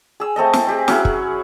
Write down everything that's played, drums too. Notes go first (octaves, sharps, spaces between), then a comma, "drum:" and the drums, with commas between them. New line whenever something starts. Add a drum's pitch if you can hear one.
G#4 E6
A3 C4 A4 D#5
drum: snare
C4 G4 G#4
F#3 C#4 E4 G#4, drum: snare
drum: kick